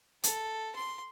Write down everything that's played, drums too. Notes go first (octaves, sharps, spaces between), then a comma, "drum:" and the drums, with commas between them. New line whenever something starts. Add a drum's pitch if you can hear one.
A4, drum: hi-hat
C6